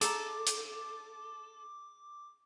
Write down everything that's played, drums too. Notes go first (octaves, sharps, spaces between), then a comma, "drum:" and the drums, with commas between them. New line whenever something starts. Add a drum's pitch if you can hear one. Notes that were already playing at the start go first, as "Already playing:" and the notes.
G#4 A4 A#5 D6, drum: hi-hat
drum: hi-hat